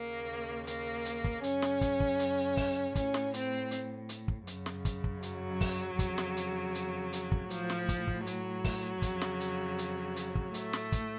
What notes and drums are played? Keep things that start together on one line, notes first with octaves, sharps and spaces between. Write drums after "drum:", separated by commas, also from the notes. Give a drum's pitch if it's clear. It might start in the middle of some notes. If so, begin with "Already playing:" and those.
Already playing: D#2 C#3 A#3
A#3, drum: hi-hat
drum: hi-hat
drum: kick
F#2 C#3 C#4, drum: hi-hat
drum: snare
drum: kick, hi-hat
drum: kick
drum: hi-hat
drum: kick, open hi-hat
A2 C#4, drum: kick, hi-hat
drum: snare
C4, drum: hi-hat
drum: hi-hat
drum: hi-hat
drum: kick
F#2 C#3, drum: hi-hat
drum: snare
drum: kick, hi-hat
drum: kick
F#3, drum: hi-hat
drum: kick, open hi-hat
F2 C#3, drum: kick, hi-hat
drum: snare
drum: hi-hat
drum: hi-hat
drum: hi-hat
drum: kick
A2 F3, drum: hi-hat
drum: snare
drum: kick, hi-hat
drum: kick
F#3, drum: hi-hat
drum: kick, open hi-hat
F2 C#3, drum: kick, hi-hat
drum: snare
drum: hi-hat
drum: hi-hat
drum: hi-hat
drum: kick
A2 A3, drum: hi-hat
drum: snare
drum: kick, hi-hat